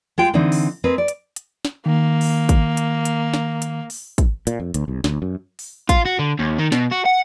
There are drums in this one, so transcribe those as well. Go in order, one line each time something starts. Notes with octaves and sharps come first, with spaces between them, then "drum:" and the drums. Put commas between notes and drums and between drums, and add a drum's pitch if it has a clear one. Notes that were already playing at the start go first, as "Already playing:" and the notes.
G#3 F4 G5
D3 E3 C4 D#4
drum: open hi-hat
G#3 C4 A#4 B4
D5
drum: hi-hat
drum: hi-hat
drum: snare
D#3 A#3
drum: open hi-hat
drum: kick, hi-hat
drum: hi-hat
drum: hi-hat
drum: snare
drum: hi-hat
drum: open hi-hat
drum: kick, hi-hat
A#2, drum: hi-hat
F2
D2, drum: hi-hat
C2
D2, drum: snare
F#2
drum: open hi-hat
F4, drum: kick, hi-hat
F#4
D3
D#2
D#3
B2, drum: snare
F#4
F#5